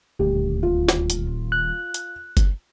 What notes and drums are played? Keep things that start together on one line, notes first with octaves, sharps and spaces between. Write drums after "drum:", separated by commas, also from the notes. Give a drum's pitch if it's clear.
D#1 D2 G4
F4
drum: snare
drum: hi-hat
F#6
drum: hi-hat
drum: kick F#1, hi-hat